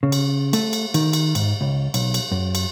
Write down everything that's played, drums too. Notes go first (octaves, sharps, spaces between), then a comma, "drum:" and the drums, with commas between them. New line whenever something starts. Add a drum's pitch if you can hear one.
C#3
drum: cymbal
A3, drum: cymbal
drum: cymbal
D#3, drum: cymbal
drum: cymbal
G#2, drum: cymbal
C#2
B1, drum: cymbal
drum: cymbal
F#2
drum: cymbal